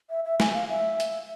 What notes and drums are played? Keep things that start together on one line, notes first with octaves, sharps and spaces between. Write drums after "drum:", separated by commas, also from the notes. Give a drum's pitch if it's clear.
E5
E5
G#5, drum: snare
F5
E5
drum: hi-hat